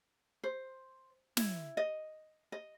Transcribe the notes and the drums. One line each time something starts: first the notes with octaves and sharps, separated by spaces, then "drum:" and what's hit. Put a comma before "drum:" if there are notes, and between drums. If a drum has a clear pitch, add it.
C5
E4, drum: snare
D#5
D#5